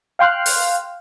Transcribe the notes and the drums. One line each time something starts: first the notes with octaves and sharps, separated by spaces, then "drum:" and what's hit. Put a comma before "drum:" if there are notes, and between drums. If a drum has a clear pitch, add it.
F5 G5 C6 F6 F#6
drum: open hi-hat